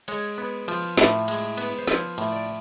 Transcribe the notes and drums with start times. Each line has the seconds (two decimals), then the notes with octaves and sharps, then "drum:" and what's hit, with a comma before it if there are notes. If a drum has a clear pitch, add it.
0.08 G#3 C#5, drum: cymbal
0.38 B3
0.68 F3, drum: cymbal
0.98 A2, drum: snare
1.28 G#3, drum: cymbal
1.57 B3, drum: cymbal
1.79 C5
1.88 F3 C#5, drum: snare
2.18 A2, drum: cymbal
2.32 D5